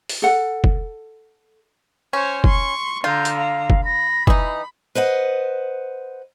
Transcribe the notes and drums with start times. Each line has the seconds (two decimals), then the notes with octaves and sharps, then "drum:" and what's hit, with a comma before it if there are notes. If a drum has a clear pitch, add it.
0.09 drum: open hi-hat
0.22 A4 F#5
0.64 drum: kick
2.13 C#4 C5 C#5
2.44 C6 C#6, drum: kick
3.04 D3 F4 A#5 G6
3.25 drum: hi-hat
3.37 F5
3.70 drum: kick
3.85 B5 A#6
4.27 E3 D#4 D#6, drum: kick
4.95 B4 C5 D#5 F#5